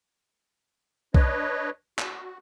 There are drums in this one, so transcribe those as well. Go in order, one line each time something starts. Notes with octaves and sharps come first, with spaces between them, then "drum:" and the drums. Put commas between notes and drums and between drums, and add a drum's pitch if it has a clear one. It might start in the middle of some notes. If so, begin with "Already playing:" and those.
D4 B4 C#5 D#5, drum: kick B1
F#4, drum: clap